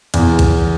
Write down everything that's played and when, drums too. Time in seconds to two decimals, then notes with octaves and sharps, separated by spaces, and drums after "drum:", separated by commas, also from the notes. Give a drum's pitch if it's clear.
0.14 E2, drum: cymbal
0.39 drum: kick A#1, cymbal